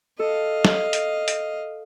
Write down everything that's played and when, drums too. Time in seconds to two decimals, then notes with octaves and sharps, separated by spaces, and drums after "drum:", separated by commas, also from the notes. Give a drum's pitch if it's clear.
0.19 A4 D#5 F5
0.65 drum: snare
0.93 drum: hi-hat
1.28 drum: hi-hat